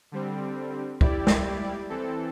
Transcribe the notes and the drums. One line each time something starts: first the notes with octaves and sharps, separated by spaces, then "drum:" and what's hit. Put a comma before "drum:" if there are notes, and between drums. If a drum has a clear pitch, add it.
D3 G3 C4
G3 E4 G4 D5, drum: kick
drum: snare
E3 C4 A4